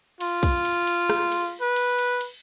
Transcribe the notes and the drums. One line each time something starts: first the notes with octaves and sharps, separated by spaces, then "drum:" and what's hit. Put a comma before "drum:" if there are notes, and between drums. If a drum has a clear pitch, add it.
F4, drum: cymbal
drum: kick, cymbal
drum: cymbal
drum: cymbal
drum: rim click
drum: cymbal
B4
drum: cymbal
drum: cymbal
drum: cymbal